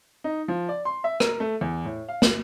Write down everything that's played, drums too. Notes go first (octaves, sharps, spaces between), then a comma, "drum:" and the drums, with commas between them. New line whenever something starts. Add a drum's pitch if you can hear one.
D#4
F3
D5
C6
E5
A#4, drum: rim click
A3
E2
A2
F5
F#7, drum: snare